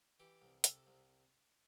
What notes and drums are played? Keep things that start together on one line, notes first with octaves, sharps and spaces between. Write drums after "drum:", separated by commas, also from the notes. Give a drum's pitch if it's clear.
E3 G4
C2
C3 A4, drum: hi-hat
C2